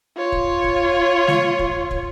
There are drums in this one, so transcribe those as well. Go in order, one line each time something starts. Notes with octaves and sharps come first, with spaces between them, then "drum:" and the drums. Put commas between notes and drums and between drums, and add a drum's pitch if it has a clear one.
F4 C#5
drum: kick
drum: kick
drum: snare G#3
drum: kick
drum: kick